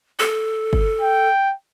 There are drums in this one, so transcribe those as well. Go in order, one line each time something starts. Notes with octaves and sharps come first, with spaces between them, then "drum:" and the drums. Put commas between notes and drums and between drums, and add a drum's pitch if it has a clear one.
A4
drum: kick G1
G5